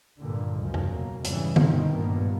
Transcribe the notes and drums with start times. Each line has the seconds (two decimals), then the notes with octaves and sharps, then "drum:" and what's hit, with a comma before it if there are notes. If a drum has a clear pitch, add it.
0.19 G2 A#2 D3
0.58 C#2 F#2 F3
0.74 drum: tom
0.90 B2 F#3 A#3
1.24 F2 G#2 C#3 E3 G3, drum: hi-hat
1.56 G1 G2 B2 D#3 C4, drum: tom
1.91 G2 A#2 A#3 B3